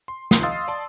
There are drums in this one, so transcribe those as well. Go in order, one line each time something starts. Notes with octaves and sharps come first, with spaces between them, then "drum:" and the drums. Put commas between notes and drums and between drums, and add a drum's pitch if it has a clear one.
C6
C2 D#3 F3 C6 D#6 C7, drum: snare
D#5 F5 C6 E6 A6
D5 A5 C6